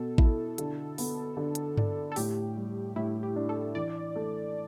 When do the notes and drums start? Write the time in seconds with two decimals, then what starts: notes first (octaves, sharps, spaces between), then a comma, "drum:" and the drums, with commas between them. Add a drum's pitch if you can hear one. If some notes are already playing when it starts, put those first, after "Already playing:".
Already playing: B2 A4
0.18 E4, drum: kick A1
0.58 D3, drum: hi-hat
0.98 B3, drum: open hi-hat
1.37 D3
1.55 drum: hi-hat
1.77 D4, drum: tom G2
2.12 A4
2.16 A2 G4, drum: open hi-hat
2.56 G3
2.96 A2 E4
3.23 G4
3.36 D4
3.49 A4
3.75 E3 D5
4.15 A3